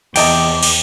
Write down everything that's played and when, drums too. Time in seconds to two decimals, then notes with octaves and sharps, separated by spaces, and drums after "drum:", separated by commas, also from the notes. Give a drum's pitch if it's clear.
0.16 E2 C3 D#5 G5 A5 D6, drum: cymbal
0.63 drum: cymbal